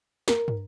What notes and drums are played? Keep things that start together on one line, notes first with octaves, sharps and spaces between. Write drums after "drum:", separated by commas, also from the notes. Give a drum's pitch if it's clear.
A#4, drum: snare
drum: tom